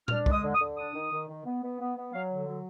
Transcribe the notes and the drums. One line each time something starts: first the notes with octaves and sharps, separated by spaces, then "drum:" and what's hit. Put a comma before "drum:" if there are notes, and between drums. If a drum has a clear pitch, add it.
D4 F6, drum: tom A#2
G#3, drum: kick
D#6
D3
D#6
D3
D4 D#6
D#3
D#3
D#3
B3
B3
B3
B3
F#3 F5
D3
F#3